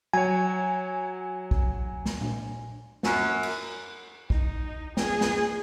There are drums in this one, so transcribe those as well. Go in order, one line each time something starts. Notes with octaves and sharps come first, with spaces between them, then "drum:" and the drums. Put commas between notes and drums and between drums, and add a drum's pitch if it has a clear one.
F#3 C#5 G#5
drum: kick
drum: snare
drum: tom A#2
F#2, drum: snare
drum: cymbal
D#4, drum: kick
G#4, drum: snare
drum: snare